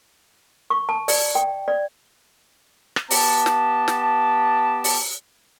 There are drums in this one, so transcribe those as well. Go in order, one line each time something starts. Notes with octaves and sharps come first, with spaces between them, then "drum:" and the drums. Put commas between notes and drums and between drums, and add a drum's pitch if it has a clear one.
C#6
A5
D5, drum: open hi-hat
G5
D5
drum: rim click
B3 G4 A5, drum: open hi-hat
drum: snare
drum: snare
drum: open hi-hat